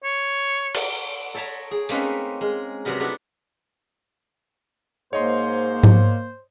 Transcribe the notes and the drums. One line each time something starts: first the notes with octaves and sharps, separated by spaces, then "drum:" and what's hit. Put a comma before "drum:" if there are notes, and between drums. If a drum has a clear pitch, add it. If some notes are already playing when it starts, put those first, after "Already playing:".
C#5
drum: cymbal
A4 C#5 E5 A5 A#5
G#4
A3 A#3 C4 C#4 D#4 B4, drum: tambourine
G#3 A#4
C3 F#3 G3 B3 A#4
A3 B3 D4 E4 A4
G#2 A#3 C5 C#5 D#5 C6
drum: tom G#2